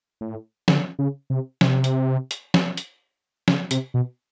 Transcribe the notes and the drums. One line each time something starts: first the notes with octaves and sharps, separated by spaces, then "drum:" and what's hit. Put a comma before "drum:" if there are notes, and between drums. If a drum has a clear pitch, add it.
A2
D3, drum: snare
C#3
C3
C3, drum: snare
drum: hi-hat
drum: hi-hat
drum: snare
drum: hi-hat
C#3, drum: snare
C3, drum: hi-hat
B2